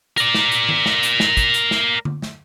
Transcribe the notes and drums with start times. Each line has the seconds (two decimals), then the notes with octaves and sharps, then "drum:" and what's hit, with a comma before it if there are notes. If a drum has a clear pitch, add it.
0.17 A#4 D5, drum: hi-hat
0.34 drum: snare
0.52 drum: hi-hat
0.69 drum: tom D#3
0.86 drum: snare
1.03 drum: hi-hat
1.20 drum: snare
1.37 drum: kick, hi-hat
1.54 drum: hi-hat
1.71 drum: snare
2.05 drum: tom D3
2.22 drum: snare